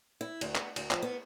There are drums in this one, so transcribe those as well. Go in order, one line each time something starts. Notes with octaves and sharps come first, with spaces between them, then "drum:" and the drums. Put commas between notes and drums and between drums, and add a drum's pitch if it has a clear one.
E4
D2, drum: cymbal
B3, drum: clap
D2, drum: cymbal
F3, drum: clap
B3